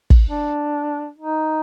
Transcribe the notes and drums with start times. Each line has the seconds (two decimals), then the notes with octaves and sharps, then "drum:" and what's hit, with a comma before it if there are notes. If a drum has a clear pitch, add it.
0.10 drum: kick
0.29 D4
1.18 D#4